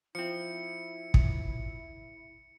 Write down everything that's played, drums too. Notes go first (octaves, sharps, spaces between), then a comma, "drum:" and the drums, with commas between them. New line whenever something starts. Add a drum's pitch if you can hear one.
F3 C4 E4 C#7
drum: kick